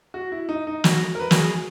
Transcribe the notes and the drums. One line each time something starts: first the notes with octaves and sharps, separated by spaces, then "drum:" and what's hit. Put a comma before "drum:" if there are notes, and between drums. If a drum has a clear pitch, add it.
F#4
E4
D#4
D#4
F#4, drum: snare
A#4
B4
F#4, drum: snare
G#4